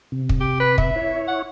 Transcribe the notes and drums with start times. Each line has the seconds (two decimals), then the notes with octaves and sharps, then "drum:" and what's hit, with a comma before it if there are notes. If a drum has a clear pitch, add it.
0.12 C3
0.29 drum: kick
0.40 G4
0.60 B4
0.78 E5, drum: kick
0.96 E4 C#5
1.28 F#5